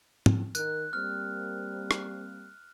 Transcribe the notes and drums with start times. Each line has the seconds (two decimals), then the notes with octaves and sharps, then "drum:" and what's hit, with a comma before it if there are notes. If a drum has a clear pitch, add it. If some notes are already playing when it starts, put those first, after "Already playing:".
0.26 drum: tom G#2
0.55 D#3 A#4 F#6, drum: tambourine
0.93 G3 A#3 C4 F6
1.91 drum: rim click